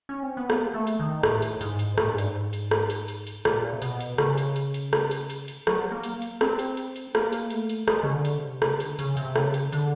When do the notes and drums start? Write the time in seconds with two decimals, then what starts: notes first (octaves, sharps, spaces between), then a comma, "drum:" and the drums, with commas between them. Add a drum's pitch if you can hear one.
0.09 C#4
0.23 C4
0.37 B3
0.50 A#3, drum: rim click
0.74 A3
0.87 drum: hi-hat
1.00 D#3
1.23 A2, drum: rim click
1.42 drum: hi-hat
1.61 G#2, drum: hi-hat
1.79 drum: hi-hat
1.98 A2, drum: rim click
2.08 G#2
2.18 G2, drum: hi-hat
2.27 G#2
2.53 drum: hi-hat
2.71 drum: rim click
2.90 drum: hi-hat
3.08 drum: hi-hat
3.27 drum: hi-hat
3.45 A#2, drum: rim click
3.72 C3
3.82 B2, drum: hi-hat
4.01 drum: hi-hat
4.18 C#3, drum: rim click
4.37 drum: hi-hat
4.56 drum: hi-hat
4.74 drum: hi-hat
4.93 drum: rim click
5.11 drum: hi-hat
5.30 drum: hi-hat
5.48 drum: hi-hat
5.67 F#3, drum: rim click
5.92 A#3
6.03 drum: hi-hat
6.22 drum: hi-hat
6.41 C4, drum: rim click
6.59 drum: hi-hat
6.77 drum: hi-hat
6.96 drum: hi-hat
7.15 A#3, drum: rim click
7.33 drum: hi-hat
7.50 A3, drum: hi-hat
7.69 drum: hi-hat
7.88 G#3, drum: rim click
8.03 C#3
8.13 D3
8.25 drum: hi-hat
8.37 C3
8.62 C#3, drum: rim click
8.80 D3, drum: hi-hat
8.99 C#3, drum: hi-hat
9.17 C3, drum: hi-hat
9.36 C#3, drum: rim click
9.54 drum: hi-hat
9.73 D3, drum: hi-hat